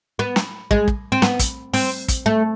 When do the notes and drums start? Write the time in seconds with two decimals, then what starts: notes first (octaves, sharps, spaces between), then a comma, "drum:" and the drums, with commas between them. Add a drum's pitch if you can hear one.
0.19 B3
0.36 drum: snare
0.71 G#3, drum: kick
0.88 drum: kick
1.12 C4
1.22 B3, drum: snare
1.39 drum: kick, hi-hat
1.74 C4, drum: open hi-hat
2.08 drum: kick, hi-hat
2.26 A3